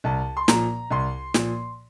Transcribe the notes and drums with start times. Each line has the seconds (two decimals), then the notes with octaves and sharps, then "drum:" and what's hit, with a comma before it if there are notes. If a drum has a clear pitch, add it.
0.04 C2 A5
0.37 C6
0.48 A#2 F3 A#5, drum: snare
0.91 C2 C6
1.34 A#2 F3, drum: snare